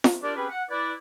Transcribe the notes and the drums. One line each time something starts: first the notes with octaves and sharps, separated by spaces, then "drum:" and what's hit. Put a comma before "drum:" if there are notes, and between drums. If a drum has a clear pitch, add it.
drum: snare F4
D4 F4 G4 A#4 D5
C4 C#4 G4 G#4 B4
F#5
E4 B4 D5